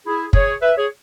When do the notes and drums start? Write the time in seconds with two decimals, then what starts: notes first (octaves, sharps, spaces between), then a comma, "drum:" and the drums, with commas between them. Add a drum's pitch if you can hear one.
0.05 E4 G#4
0.33 G#4 C#5, drum: kick
0.62 B4 E5
0.77 G#4 C#5